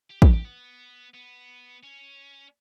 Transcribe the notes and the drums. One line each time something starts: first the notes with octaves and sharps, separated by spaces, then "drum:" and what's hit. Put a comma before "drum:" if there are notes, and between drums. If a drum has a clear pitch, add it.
G4
G4, drum: kick
G4
B3
B3
C#4